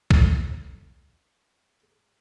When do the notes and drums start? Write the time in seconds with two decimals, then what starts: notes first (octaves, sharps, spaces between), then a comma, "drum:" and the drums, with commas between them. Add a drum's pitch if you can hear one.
0.11 A3 B3, drum: kick A#1